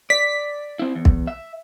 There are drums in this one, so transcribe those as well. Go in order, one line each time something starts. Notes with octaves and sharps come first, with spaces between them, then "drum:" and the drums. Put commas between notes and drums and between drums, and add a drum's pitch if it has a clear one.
D5 B6
C4 E4
E2
drum: kick
E5